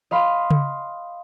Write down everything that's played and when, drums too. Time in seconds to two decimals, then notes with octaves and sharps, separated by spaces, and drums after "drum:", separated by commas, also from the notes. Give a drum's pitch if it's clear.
0.11 D#5 F5 B5 C6
0.51 drum: tom C#3